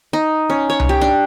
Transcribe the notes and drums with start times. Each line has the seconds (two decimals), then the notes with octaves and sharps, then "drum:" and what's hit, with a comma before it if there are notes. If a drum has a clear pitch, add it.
0.13 D#4
0.50 C#4
0.70 C#5
0.80 drum: tom C2
0.89 G4
1.01 D4